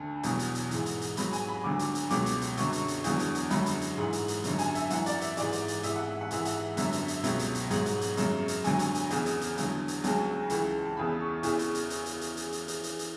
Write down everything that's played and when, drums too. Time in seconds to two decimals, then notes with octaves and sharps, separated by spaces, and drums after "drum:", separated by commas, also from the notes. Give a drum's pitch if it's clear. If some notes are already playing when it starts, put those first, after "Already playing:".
Already playing: D2 D3 A5
0.23 E2 B2 F#3, drum: hi-hat
0.39 drum: hi-hat
0.55 drum: hi-hat
0.71 G#2 E3, drum: hi-hat
0.86 drum: hi-hat
1.02 drum: hi-hat
1.17 G#2 F#3 B5, drum: hi-hat
1.33 G#5, drum: hi-hat
1.48 B5
1.64 D2 D3 F#3 D6
1.79 drum: hi-hat
1.95 drum: hi-hat
2.10 C#2 B2 F#3 D6, drum: hi-hat
2.26 drum: hi-hat
2.41 drum: hi-hat
2.57 F#2 D3 F#3 C#6, drum: hi-hat
2.73 drum: hi-hat
2.88 drum: hi-hat
3.04 E2 D3 F#3, drum: hi-hat
3.19 drum: hi-hat
3.35 drum: hi-hat
3.50 F#2 D3 F#3 B5, drum: hi-hat
3.66 drum: hi-hat
3.81 drum: hi-hat
3.98 G#2 E3
4.13 drum: hi-hat
4.28 drum: hi-hat
4.44 F#2 D3 F#3, drum: hi-hat
4.59 G#5, drum: hi-hat
4.75 E5, drum: hi-hat
4.90 F#2 E3 F#5, drum: hi-hat
5.06 D5, drum: hi-hat
5.21 E5, drum: hi-hat
5.37 G#2 E3 D5, drum: hi-hat
5.53 drum: hi-hat
5.68 drum: hi-hat
5.83 G#2 E3 E5, drum: hi-hat
5.96 F#5
6.09 E5
6.21 F#5
6.31 G#2 E3 E5, drum: hi-hat
6.45 F#5, drum: hi-hat
6.58 E5
6.77 F#2 D3 F#3 E5, drum: hi-hat
6.92 drum: hi-hat
7.08 drum: hi-hat
7.24 C#2 B2 F#3, drum: hi-hat
7.39 drum: hi-hat
7.55 drum: hi-hat
7.70 G#2 F#3, drum: hi-hat
7.86 drum: hi-hat
8.01 drum: hi-hat
8.17 F#2 C#3 F#3, drum: hi-hat
8.48 drum: hi-hat
8.64 D2 D3 F#3 G#5, drum: hi-hat
8.79 drum: hi-hat
8.95 drum: hi-hat
9.10 E2 C#3 E3, drum: hi-hat
9.26 drum: hi-hat
9.41 drum: hi-hat
9.57 E2 D3 F#3, drum: hi-hat
9.88 drum: hi-hat
10.04 D2 C#3 F#3 A5, drum: hi-hat
10.50 C#2 C#3 E3, drum: hi-hat
10.85 A5
10.97 E2 C#3 E3 B5
11.20 C#6
11.43 E2 C#3 E3, drum: hi-hat
11.59 drum: hi-hat
11.75 drum: hi-hat
11.90 drum: hi-hat
12.06 drum: hi-hat
12.21 drum: hi-hat
12.37 drum: hi-hat
12.52 drum: hi-hat
12.68 drum: hi-hat
12.83 drum: hi-hat
12.99 drum: hi-hat